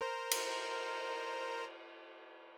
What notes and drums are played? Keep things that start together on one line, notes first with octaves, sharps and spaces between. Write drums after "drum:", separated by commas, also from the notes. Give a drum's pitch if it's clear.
A#4 C5 A#5
drum: cymbal